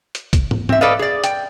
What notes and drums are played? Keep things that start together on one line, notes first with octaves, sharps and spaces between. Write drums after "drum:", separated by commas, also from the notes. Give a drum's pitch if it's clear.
drum: hi-hat
drum: kick, hi-hat
drum: tom
C4 E5, drum: tom
A4 B4 D5 D#5 F5
G#4 D5
G5, drum: hi-hat